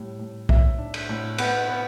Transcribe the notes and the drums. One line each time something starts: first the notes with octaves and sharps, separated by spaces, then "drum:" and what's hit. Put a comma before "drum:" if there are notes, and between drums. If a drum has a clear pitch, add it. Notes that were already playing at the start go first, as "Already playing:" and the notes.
Already playing: A2 G3
A2
A2 E5, drum: kick B1
D4
drum: cymbal
A2
B3 F#5, drum: cymbal
B3